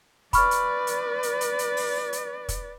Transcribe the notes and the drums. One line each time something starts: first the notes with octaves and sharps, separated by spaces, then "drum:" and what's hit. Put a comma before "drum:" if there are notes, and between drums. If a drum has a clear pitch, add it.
B4 D5 B5 C#6 F6, drum: kick, hi-hat
drum: hi-hat
drum: hi-hat
drum: hi-hat
drum: hi-hat
drum: hi-hat
drum: open hi-hat
drum: hi-hat
drum: kick, hi-hat